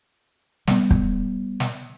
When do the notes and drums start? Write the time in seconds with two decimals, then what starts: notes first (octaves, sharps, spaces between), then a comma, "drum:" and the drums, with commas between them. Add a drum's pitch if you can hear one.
0.67 G3 B3, drum: snare
0.91 drum: kick
1.60 drum: snare